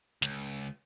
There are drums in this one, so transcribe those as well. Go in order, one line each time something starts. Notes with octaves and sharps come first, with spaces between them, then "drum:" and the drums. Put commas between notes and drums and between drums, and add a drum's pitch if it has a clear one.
C#2, drum: snare